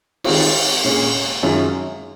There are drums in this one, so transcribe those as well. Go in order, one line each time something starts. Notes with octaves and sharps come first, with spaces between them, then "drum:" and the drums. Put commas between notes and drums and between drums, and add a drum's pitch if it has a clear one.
D#3 G#3 C4 F4, drum: cymbal
A#2 G#3 C#4 G#4
F#2 D#3 G#3 C#4 F4